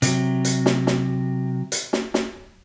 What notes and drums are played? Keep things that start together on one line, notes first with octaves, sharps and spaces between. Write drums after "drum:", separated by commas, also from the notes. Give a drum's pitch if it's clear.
C3 F#3, drum: hi-hat
drum: hi-hat
drum: snare
drum: snare
drum: hi-hat
drum: snare
drum: snare